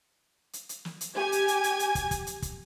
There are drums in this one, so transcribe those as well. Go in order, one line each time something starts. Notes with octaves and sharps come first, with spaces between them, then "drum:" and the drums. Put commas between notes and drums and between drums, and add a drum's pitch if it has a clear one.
drum: hi-hat
drum: hi-hat
drum: snare
drum: hi-hat
G4 G#5 G#6
drum: hi-hat
drum: hi-hat
drum: hi-hat
drum: hi-hat
drum: kick, hi-hat
drum: kick, hi-hat
drum: hi-hat
drum: kick, hi-hat